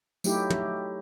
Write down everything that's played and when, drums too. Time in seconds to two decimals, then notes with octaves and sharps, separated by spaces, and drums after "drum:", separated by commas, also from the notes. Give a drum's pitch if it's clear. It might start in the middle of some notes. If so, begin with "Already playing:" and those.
0.24 F#3 A3 D#4 E4 G4, drum: tambourine
0.50 drum: tom